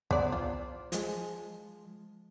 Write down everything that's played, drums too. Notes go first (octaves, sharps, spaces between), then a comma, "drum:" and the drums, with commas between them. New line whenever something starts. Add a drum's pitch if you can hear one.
B3 C5 D5, drum: kick
F4
F3 G#3, drum: hi-hat